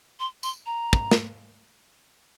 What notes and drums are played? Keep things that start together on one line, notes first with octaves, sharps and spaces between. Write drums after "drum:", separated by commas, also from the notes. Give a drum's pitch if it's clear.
C6
C6, drum: tambourine
A#5
drum: kick
drum: snare